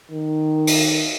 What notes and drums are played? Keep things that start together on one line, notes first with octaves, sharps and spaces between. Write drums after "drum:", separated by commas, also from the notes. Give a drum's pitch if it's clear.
D#3
drum: open hi-hat